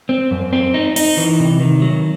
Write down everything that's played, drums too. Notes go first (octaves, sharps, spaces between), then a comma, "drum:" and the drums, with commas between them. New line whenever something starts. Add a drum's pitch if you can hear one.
C4
F#2
C4
D#4
D#4, drum: open hi-hat
E3
C3
D#3
F#3